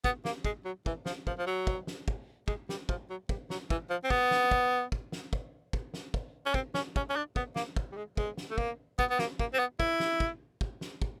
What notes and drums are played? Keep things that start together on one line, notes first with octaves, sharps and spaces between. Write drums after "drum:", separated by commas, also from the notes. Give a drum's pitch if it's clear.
B3, drum: kick
A#3, drum: snare
G#3, drum: kick
F#3
E3, drum: kick
F3, drum: snare
F3, drum: kick
F3
F#3
drum: kick
drum: snare
drum: kick
G#3, drum: kick
G3, drum: snare
F3, drum: kick
F#3
G3, drum: kick
F#3, drum: snare
E3, drum: kick
F3
C4
B3, drum: kick
drum: snare
drum: kick
drum: kick
drum: snare
drum: kick
drum: kick
drum: snare
drum: kick
C#4
C4, drum: kick
C#4, drum: snare
C#4, drum: kick
C#4
D4
B3, drum: kick
A#3, drum: snare
drum: kick
G3
G#3
G#3, drum: kick
drum: snare
A3
A#3, drum: kick
B3, drum: kick
B3
A#3, drum: snare
A#3, drum: kick
C4
B3
E4, drum: kick
drum: snare
drum: kick
drum: kick
drum: snare
drum: kick